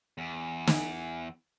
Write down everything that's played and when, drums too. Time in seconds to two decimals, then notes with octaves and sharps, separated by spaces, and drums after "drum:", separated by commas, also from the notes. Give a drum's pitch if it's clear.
0.18 E2
0.67 drum: snare